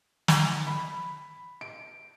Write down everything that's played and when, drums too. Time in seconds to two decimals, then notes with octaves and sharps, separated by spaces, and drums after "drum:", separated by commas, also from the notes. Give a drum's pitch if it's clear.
0.28 drum: snare
0.67 B5
1.61 D7